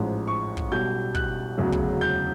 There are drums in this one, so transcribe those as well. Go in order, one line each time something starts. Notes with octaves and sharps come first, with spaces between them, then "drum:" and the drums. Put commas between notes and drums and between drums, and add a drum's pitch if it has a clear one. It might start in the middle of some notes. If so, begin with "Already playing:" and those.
Already playing: A1 G#2 F3
C#6
drum: kick
B1 B2 G3 G6
F#6, drum: kick
E1 D2 C#3 F#3
drum: kick
G6